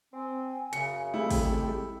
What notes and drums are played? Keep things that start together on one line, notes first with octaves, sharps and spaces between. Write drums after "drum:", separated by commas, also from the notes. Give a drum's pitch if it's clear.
C4 G#5
F#2 C#3 C#7, drum: hi-hat
G#3 A3 C4 E4 G4
drum: kick, open hi-hat